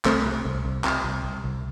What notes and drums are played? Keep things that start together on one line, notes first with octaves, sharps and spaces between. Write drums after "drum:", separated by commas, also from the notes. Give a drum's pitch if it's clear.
C2 A3 C4, drum: clap
C3
C2
C2
C3, drum: clap
C2
C2
C2